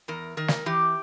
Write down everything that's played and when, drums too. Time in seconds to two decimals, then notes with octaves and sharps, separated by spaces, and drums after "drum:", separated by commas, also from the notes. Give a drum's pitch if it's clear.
0.08 E2 A#4
0.37 D#3 A#4
0.48 drum: snare
0.66 E3 G4